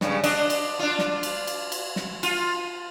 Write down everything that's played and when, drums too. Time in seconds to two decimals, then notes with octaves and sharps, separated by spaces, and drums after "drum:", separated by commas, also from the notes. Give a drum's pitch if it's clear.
0.01 G2 C#3, drum: snare
0.24 D4 D#5, drum: cymbal
0.50 drum: cymbal
0.79 D4 F4
0.99 drum: snare
1.23 drum: cymbal
1.47 drum: cymbal
1.72 drum: cymbal
1.96 drum: snare
2.23 F4, drum: cymbal